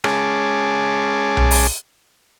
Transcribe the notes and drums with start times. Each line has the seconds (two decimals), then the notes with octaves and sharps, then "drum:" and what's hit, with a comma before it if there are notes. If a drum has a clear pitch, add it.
0.04 G#3 C#4 G#4 A5 D6, drum: rim click
1.37 drum: tom B1
1.51 drum: open hi-hat